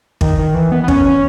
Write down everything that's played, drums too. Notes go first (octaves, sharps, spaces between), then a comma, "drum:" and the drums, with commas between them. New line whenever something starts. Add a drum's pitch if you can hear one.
D#3, drum: kick
D#3
E3
B3
B3
C#4, drum: kick
C#4